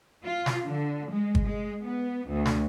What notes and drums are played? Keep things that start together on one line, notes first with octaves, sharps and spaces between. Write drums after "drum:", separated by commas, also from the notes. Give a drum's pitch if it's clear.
F4
drum: snare
D3
G#3
drum: kick
G#3
B3
D2
drum: snare